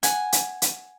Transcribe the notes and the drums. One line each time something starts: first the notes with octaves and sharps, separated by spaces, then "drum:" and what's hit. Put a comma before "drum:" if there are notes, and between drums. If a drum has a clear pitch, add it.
F#5 G#5, drum: hi-hat
drum: hi-hat
drum: hi-hat